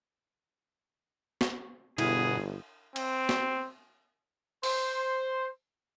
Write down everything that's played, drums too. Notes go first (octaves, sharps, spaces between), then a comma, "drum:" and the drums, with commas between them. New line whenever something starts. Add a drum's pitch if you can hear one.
drum: snare
G1 B2 E4 G#4 F5, drum: cymbal
C4, drum: cymbal
drum: snare
C5, drum: open hi-hat